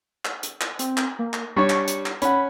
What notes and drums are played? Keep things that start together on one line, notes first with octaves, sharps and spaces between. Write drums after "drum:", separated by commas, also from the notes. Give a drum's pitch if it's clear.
drum: clap
drum: hi-hat
drum: clap
C4, drum: hi-hat
drum: clap
A#3
drum: clap
G3 D4 C#5 C#6
drum: clap
drum: hi-hat
drum: clap
C#4 F#5 B5, drum: hi-hat